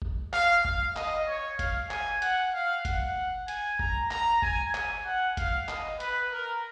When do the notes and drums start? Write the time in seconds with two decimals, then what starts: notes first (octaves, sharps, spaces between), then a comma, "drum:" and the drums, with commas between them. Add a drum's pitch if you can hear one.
0.02 drum: kick F#1
0.33 F5, drum: clap
0.65 F5, drum: kick F#1
0.96 D#5, drum: clap
1.28 C#5
1.59 F5, drum: kick F#1, hi-hat
1.91 G#5, drum: clap
2.22 F#5, drum: hi-hat
2.54 F5
2.85 F#5, drum: kick F#1, hi-hat
3.48 G#5, drum: hi-hat
3.79 A#5, drum: kick F#1
4.11 A#5, drum: clap
4.42 G#5, drum: kick F#1
4.74 G#5, drum: clap
5.06 F#5
5.37 F5, drum: kick F#1, hi-hat
5.68 D#5, drum: clap
6.00 B4, drum: hi-hat
6.32 A#4